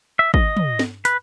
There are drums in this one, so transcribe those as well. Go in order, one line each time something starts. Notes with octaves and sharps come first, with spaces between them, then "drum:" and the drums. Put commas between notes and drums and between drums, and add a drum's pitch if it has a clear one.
E5
D#5, drum: kick
drum: tom
drum: snare
B4, drum: hi-hat